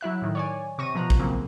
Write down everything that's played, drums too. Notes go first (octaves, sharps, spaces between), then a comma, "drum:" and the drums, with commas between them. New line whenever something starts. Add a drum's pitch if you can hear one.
F#3 E4 E5 F#6
A2 D#3
C#5 D5 G#5
C3 C#6 A#6 D#7
B2 F3 A#5 F#6
drum: kick A1
C#3 F#3 A#3 C4